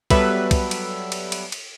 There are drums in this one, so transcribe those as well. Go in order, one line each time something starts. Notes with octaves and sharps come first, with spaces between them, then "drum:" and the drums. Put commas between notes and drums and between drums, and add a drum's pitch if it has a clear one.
F#3 G3 B3 A4 B4 E5, drum: kick, cymbal
drum: kick, cymbal
drum: cymbal
drum: cymbal
drum: cymbal
drum: cymbal